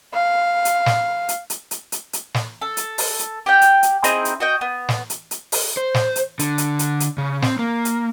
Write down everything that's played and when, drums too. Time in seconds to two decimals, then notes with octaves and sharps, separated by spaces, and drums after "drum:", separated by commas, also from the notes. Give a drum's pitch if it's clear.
0.14 F5
0.65 drum: hi-hat
0.86 drum: snare
1.29 drum: hi-hat
1.50 drum: hi-hat
1.71 drum: hi-hat
1.92 drum: hi-hat
2.13 drum: hi-hat
2.34 drum: snare
2.61 A4
2.77 drum: hi-hat
2.98 drum: open hi-hat
3.19 drum: hi-hat
3.46 G4 F#5 G5
3.61 drum: hi-hat
3.83 drum: hi-hat
4.04 C4 D#4 E4 G#4, drum: hi-hat
4.25 drum: hi-hat
4.40 F#4 D#5 G5
4.61 B3
4.89 drum: snare
5.10 drum: hi-hat
5.31 drum: hi-hat
5.52 drum: open hi-hat
5.77 C5
5.94 drum: snare
6.16 drum: hi-hat
6.39 D3, drum: hi-hat
6.58 drum: hi-hat
6.79 drum: hi-hat
7.00 drum: hi-hat
7.18 C#3
7.42 C4, drum: snare
7.59 A#3
7.85 drum: hi-hat